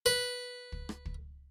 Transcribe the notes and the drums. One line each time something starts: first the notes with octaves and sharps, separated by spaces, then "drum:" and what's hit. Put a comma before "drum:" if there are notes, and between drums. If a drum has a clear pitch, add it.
B4
drum: kick
drum: rim click
drum: kick